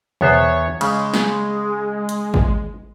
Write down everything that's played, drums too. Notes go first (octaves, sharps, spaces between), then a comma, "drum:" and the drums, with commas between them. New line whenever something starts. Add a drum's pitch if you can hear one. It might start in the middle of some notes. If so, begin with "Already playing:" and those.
E2 B3 C5 C#5, drum: tom B2
C#3 G#3, drum: cymbal
drum: snare
drum: hi-hat
drum: kick G#1